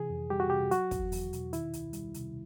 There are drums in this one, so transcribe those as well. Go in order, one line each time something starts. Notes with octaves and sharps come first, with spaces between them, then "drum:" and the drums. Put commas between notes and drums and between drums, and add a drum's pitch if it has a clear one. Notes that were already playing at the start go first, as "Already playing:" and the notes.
Already playing: C3 E3 G#4
F2
G3 G4
F#4
C3 G4
F#3 F#4, drum: hi-hat
E2, drum: kick, hi-hat
E2, drum: open hi-hat
B2, drum: hi-hat
D#3 E4, drum: hi-hat
C#2, drum: hi-hat
G3, drum: hi-hat
C3, drum: hi-hat